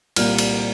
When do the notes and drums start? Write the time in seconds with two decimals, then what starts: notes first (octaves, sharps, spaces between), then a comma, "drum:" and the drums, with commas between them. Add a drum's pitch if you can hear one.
0.16 C2 A#2 G3 A#3 F6, drum: cymbal
0.38 drum: cymbal